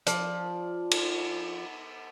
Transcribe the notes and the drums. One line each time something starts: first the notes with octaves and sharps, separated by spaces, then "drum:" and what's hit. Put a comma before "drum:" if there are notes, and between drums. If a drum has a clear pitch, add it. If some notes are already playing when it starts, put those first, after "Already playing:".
F3 D5, drum: hi-hat
drum: cymbal